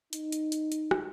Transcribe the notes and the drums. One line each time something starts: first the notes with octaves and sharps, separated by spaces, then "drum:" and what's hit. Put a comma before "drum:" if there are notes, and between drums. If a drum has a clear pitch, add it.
D#4, drum: hi-hat
drum: hi-hat
drum: hi-hat
drum: hi-hat
drum: rim click